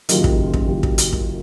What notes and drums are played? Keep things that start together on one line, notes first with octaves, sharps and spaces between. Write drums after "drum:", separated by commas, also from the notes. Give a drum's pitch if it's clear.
F#1 F#2 D#3 F4 G4, drum: hi-hat
drum: kick
drum: kick
F#1 F#2 D#3 F4 G4
drum: kick
drum: hi-hat
drum: kick